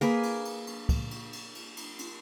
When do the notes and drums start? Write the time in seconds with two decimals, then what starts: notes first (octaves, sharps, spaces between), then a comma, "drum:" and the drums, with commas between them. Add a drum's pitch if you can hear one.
0.01 A#3 G#4 B4, drum: cymbal
0.23 drum: cymbal
0.45 drum: cymbal
0.67 drum: cymbal
0.89 drum: kick, cymbal
1.11 drum: cymbal
1.33 drum: cymbal
1.55 drum: cymbal
1.77 drum: cymbal
1.99 drum: cymbal